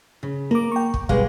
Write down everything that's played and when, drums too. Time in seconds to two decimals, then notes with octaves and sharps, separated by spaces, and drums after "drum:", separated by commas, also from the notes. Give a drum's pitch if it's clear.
0.23 C#3
0.51 A#3 A#5 D6
0.72 G5 C#6
0.94 drum: kick
1.09 B2 G3 G#3 F5, drum: kick